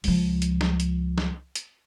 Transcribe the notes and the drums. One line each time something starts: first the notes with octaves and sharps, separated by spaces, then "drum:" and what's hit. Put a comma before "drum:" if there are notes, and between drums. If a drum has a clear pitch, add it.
C#2 F3, drum: open hi-hat
drum: hi-hat
drum: snare
drum: hi-hat
drum: snare
drum: hi-hat